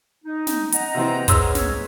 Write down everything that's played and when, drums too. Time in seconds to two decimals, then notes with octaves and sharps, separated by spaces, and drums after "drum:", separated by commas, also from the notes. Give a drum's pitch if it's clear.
0.24 D#4
0.47 drum: snare
0.72 D#5 F#5 A#5, drum: hi-hat
0.95 C3 E3 C4
1.28 G#4 B4 C#5 C6 E6 F6, drum: kick, hi-hat
1.55 drum: snare